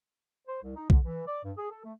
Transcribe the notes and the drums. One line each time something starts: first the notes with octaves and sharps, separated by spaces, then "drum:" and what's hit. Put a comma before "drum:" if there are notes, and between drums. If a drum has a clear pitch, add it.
C5
C2
D#4
D3, drum: kick
E3
D5
G2
G#4
A4
A3